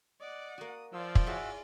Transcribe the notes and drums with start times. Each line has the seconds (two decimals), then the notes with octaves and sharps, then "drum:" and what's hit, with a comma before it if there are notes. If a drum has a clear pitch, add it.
0.21 D5 D#5 F#5 D6
0.58 A#3 F#4 D#6
0.93 F3 F4 D5 E6
1.15 drum: kick
1.26 E4 F#4 G#4 C#5 E5